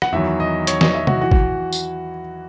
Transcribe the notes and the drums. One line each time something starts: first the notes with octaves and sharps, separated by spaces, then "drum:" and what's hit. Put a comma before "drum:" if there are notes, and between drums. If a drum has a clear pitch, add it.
F#5, drum: rim click
E2 D#3 F#3 E5
D#5
C#5, drum: hi-hat
D#5, drum: snare
E5
F#4, drum: tom C3
E3 F#4
drum: kick
drum: tambourine